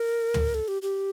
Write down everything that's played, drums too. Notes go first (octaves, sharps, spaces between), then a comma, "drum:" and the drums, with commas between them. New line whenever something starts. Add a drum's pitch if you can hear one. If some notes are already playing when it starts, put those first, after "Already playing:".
Already playing: A#4
drum: tom
A4
G4
G4